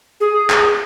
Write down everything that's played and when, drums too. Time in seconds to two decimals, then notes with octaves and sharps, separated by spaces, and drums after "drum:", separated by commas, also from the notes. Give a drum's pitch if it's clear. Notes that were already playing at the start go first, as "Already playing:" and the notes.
0.20 G#4
0.50 drum: clap